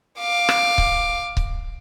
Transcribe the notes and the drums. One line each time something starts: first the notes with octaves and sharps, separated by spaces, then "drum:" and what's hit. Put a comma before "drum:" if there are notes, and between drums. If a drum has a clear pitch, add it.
F5 D6
drum: rim click
drum: kick C#1
drum: kick C#1